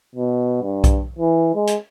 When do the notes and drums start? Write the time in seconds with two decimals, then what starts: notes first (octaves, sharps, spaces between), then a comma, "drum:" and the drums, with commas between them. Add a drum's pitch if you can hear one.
0.16 B2
0.63 G2
0.84 drum: kick B1, hi-hat
1.19 E3
1.55 G#3
1.67 drum: hi-hat